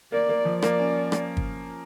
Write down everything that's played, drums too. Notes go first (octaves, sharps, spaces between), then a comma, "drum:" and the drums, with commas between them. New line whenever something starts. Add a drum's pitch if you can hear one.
A#3 D5
A#3
F3
A#3 D5, drum: rim click
C#4
drum: rim click
drum: kick